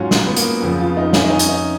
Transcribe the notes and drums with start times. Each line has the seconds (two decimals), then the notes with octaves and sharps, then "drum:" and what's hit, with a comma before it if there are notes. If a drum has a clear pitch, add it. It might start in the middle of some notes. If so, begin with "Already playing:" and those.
Already playing: G#2 F#3 C#4 F4 F#4
0.11 drum: snare
0.25 B3
0.37 A#3, drum: hi-hat
0.62 F2 C#3 F3 B3
0.80 F4
0.97 D#4
1.13 C#4, drum: snare
1.23 D#4
1.30 C#4
1.39 drum: hi-hat
1.48 D#4